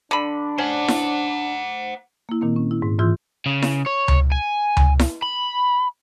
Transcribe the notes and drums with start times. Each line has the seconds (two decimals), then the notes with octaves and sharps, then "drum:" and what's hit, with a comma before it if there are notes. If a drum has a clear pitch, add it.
0.11 D3 D4 B5
0.58 C#4 C5 F#5
0.88 drum: snare E4
2.29 A#3 E4
2.41 A#2 D#3 A#3 C4
2.56 C#4
2.71 E4
2.82 G#2
2.99 G#2 E3 F4 C6 E6 G6
3.46 C#3
3.62 drum: snare E4
3.87 C#5
4.08 drum: tom C#2
4.32 G#5
4.77 drum: tom C#2
4.99 drum: snare E4
5.22 B5